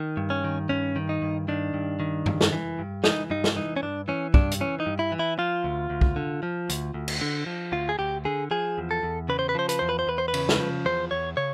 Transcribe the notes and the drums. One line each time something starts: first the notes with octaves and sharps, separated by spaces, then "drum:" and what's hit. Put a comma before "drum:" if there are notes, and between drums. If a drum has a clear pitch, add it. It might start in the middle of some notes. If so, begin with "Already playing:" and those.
Already playing: D#3
G2
C#4
D#3
G2 C#4
D#3
D#4
G2
D#3 D4
G2
D#3
G2, drum: tom F#2
drum: snare
E3
G2
E3 D#4, drum: snare
G2 D#4
drum: snare
E3 D#4
C#4
G2 D4
E3 C#4
G2 D4, drum: kick
drum: hi-hat
E3 C#4
D#4
G2
E4
E3
E4
F3 F4
D2
D2
drum: kick
D3
F3
D2, drum: hi-hat
D2
drum: cymbal
D3
F3
D2 F4
G#4
D2 G4
D3 G#4
F3 G#4
E2
A4
E2
C#3 B4
C5
B4
F3 C5
B4, drum: hi-hat
E2 C5
B4
C5
E2 B4
C5
B4
C#3, drum: cymbal
drum: snare
F3
E2 C5
E2 C#5
C#3 C#5